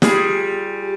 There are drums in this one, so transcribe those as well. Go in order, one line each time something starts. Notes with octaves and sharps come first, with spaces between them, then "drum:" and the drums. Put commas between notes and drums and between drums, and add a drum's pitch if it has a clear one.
G3 F4 G4 G#4, drum: snare